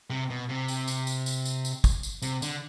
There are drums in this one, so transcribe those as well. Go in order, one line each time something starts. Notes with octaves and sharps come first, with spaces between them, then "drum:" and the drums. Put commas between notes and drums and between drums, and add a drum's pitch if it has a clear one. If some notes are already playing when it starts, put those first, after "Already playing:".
C3
B2
C3
drum: tambourine
drum: tambourine
drum: tambourine
drum: tambourine
drum: tambourine
drum: tambourine
drum: kick, tambourine
drum: tambourine
C3, drum: tambourine
D3, drum: tambourine